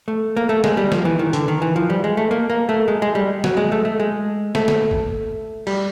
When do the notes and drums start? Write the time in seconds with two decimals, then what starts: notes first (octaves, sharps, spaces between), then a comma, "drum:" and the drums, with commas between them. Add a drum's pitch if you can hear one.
0.08 A3
0.37 A#3
0.49 A3
0.64 G#3, drum: snare
0.77 G3
0.92 F3, drum: snare
1.05 E3
1.19 D#3
1.33 D3, drum: hi-hat
1.48 D#3
1.62 E3
1.76 F3
1.90 G3
2.04 G#3
2.17 A3
2.31 A#3
2.50 A#3
2.69 A3
2.88 G#3
3.02 G#3
3.15 G3
3.44 F#3, drum: snare
3.57 G#3
3.72 A3
3.85 A3
4.00 G#3
4.55 A3, drum: snare
4.68 drum: snare
4.91 drum: kick
5.67 G3, drum: cymbal